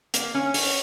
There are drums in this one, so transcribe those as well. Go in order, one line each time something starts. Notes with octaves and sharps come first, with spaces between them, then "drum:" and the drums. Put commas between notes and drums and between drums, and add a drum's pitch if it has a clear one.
A#3, drum: hi-hat
C#4
C#5, drum: open hi-hat